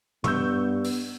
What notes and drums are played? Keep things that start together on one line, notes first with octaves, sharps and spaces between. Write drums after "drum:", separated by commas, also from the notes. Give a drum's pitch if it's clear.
G2 B3 C#6 E6 G6, drum: tom
drum: open hi-hat